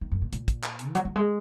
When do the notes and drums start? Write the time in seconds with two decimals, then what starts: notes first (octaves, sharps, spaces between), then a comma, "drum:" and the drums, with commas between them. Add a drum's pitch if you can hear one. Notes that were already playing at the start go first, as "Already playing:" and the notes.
0.01 D#3
0.12 F#2
0.22 A#2
0.33 A#2, drum: hi-hat
0.48 drum: kick, hi-hat
0.63 drum: clap
0.79 drum: hi-hat
0.89 E3
0.95 F#3, drum: hi-hat
1.05 F#3
1.16 G#3